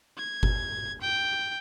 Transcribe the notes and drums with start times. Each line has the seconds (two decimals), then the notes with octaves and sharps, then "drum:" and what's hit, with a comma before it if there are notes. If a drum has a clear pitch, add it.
0.17 G#6
0.43 drum: kick G1
1.01 G5